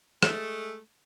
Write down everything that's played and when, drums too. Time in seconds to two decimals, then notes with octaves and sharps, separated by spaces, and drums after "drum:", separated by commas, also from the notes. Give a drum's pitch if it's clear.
0.23 G#3 A3, drum: rim click